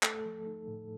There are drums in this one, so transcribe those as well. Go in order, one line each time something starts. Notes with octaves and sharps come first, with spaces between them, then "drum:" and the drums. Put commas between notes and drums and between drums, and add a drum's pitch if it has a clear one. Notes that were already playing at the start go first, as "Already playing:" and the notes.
A3 A4, drum: clap
F3
D#4
A2